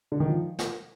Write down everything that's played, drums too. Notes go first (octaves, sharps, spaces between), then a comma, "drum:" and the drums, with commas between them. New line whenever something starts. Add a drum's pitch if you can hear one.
D3
D#3
F3
drum: snare